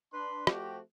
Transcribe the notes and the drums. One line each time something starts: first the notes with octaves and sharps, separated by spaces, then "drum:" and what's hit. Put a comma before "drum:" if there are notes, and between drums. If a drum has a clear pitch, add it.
D4 B4 C6
F3 A3 C4 F#4 G4, drum: rim click